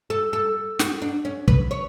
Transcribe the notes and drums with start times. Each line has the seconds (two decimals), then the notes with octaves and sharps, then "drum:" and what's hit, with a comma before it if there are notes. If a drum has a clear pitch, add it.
0.10 A4
0.33 A4
0.79 F#4, drum: snare
1.02 D4
1.25 C#4
1.48 B4, drum: kick
1.71 C#5